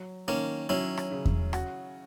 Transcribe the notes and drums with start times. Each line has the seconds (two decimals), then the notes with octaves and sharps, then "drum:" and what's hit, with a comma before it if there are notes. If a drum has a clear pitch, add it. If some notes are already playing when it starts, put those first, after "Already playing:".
Already playing: F#3
0.27 D#3 A#3 C#4
0.69 F#3 C#4 E4
0.97 drum: rim click
1.11 C#3
1.25 drum: kick E2
1.53 F#4, drum: rim click